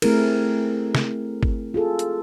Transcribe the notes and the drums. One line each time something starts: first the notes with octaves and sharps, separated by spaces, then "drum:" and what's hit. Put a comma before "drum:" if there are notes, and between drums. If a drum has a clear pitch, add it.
A3 C4 E4 G#4 A#4, drum: cymbal
drum: snare
drum: kick G1
F4 G#4 A4
drum: hi-hat